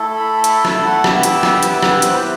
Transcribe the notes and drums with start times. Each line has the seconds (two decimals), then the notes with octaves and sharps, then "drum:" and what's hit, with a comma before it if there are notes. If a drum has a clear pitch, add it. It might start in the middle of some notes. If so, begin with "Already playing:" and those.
Already playing: A3 E4 A4
0.16 B5
0.44 B5, drum: hi-hat
0.65 E5, drum: rim click
0.84 F#5
1.04 B3 E4 G4 E5, drum: rim click
1.23 drum: hi-hat
1.43 drum: rim click
1.63 B4, drum: hi-hat
1.83 B4, drum: rim click
2.02 C5, drum: hi-hat